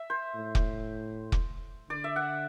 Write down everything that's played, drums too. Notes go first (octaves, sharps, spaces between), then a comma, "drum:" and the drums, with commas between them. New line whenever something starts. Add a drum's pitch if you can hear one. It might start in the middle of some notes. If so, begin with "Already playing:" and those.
Already playing: E5
C5
A2
drum: kick
drum: kick
D3 D5
E5
F#5